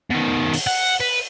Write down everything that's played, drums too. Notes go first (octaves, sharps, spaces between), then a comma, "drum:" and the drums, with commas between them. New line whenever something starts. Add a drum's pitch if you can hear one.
B2 D#3
drum: open hi-hat
F#5
B4